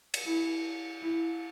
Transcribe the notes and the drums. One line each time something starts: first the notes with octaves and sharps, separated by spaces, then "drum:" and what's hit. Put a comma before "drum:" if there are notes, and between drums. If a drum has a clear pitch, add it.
drum: cymbal
E4
E4